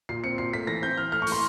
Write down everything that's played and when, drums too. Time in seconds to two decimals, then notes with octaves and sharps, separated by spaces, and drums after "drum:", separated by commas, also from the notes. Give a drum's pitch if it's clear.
0.09 A#2 C7
0.24 C4 C#7
0.38 A#2 C7
0.53 A3 B6
0.67 E3 A#6
0.82 C4 G6
0.97 E3 F6
1.12 A3 F6
1.22 C#6
1.27 E3, drum: open hi-hat
1.32 C6